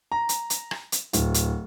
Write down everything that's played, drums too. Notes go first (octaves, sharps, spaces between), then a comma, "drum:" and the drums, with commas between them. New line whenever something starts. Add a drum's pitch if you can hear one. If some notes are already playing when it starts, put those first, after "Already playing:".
A#5
drum: hi-hat
drum: hi-hat
drum: rim click
drum: hi-hat
D1, drum: hi-hat
drum: hi-hat